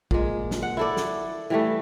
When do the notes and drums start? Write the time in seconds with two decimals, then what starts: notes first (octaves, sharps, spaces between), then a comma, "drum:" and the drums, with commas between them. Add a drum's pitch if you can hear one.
0.11 A#2 G#3, drum: kick
0.51 drum: snare
0.62 F#5
0.77 E4 A4 D5
0.97 drum: snare
1.50 E3 G3 A3